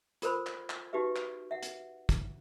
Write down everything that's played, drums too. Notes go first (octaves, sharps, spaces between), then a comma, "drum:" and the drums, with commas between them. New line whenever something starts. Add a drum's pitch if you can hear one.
F4 A4 A#4 C5 B5, drum: hi-hat
drum: clap
drum: clap
D#4 F#4 G4 B4 E5
drum: clap
E5 F#5
drum: hi-hat
drum: kick, hi-hat